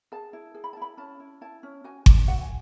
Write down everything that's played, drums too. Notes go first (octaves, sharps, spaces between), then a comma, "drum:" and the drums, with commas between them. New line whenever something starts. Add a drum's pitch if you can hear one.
G#4 A5
E4
G#4
B5
A5
E4 B5
C#4 A5
E4
E4 A5
C#4
F#4 G#5
D4, drum: kick G1
F#4 F#5
G#5